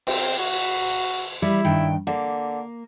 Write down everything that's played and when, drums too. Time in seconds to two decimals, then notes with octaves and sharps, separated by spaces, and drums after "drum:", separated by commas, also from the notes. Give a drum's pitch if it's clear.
0.07 C4, drum: cymbal
0.39 F#4
1.42 G3 E4
1.65 G2 D#3 G5
2.07 D3 A#3